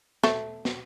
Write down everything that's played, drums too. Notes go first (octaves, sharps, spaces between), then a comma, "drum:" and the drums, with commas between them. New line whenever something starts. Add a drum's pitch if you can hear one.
A3, drum: snare
drum: snare